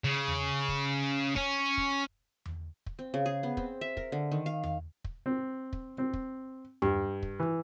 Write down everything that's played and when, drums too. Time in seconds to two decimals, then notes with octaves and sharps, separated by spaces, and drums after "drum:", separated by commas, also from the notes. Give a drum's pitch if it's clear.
0.04 C#3
0.27 drum: tom E2
0.68 drum: kick
1.36 C#4, drum: kick
1.77 drum: kick
2.46 drum: tom E2
2.86 drum: kick
2.99 C4
3.14 C#3
3.26 G#4
3.43 B3
3.57 C4, drum: kick
3.81 E5
3.97 A#4, drum: kick
4.12 D3
4.32 D#3
4.46 F5
4.64 F5, drum: tom E2
5.04 drum: kick
5.26 C4
5.73 drum: kick
5.98 C4
6.13 drum: kick
6.82 G2, drum: tom E2
7.22 drum: kick
7.40 E3